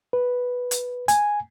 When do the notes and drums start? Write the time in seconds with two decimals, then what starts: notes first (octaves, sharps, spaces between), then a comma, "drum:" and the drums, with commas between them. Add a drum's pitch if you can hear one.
0.13 B4
0.71 drum: hi-hat
1.08 G#5, drum: hi-hat